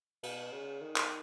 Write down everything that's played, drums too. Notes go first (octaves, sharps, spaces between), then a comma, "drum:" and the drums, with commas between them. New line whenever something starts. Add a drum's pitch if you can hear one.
B2, drum: cymbal
C#3
D#3
drum: clap